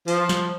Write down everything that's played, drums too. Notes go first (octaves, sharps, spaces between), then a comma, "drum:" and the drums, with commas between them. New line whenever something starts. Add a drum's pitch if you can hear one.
F3, drum: open hi-hat
drum: snare